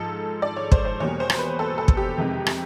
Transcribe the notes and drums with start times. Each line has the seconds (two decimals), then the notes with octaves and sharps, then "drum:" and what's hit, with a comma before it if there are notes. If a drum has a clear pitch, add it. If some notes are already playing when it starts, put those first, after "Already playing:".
Already playing: G#2 F3 G#3 A4
0.42 D5
0.56 C#5
0.72 C5, drum: kick
0.85 C5
1.00 E2 B2 G3 A#3 C#5
1.20 C5
1.30 drum: rim click
1.39 B4
1.59 A4
1.78 A4
1.88 drum: kick
1.97 G4
2.18 F2 C3 D#3 G#3
2.47 drum: rim click